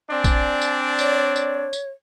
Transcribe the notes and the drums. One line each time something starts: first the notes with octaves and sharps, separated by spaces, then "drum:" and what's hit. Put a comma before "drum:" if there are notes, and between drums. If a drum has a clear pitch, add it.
C4 D4 D5 G#5
drum: kick A1, tambourine
drum: tambourine
C#5, drum: tambourine
drum: tambourine
drum: tambourine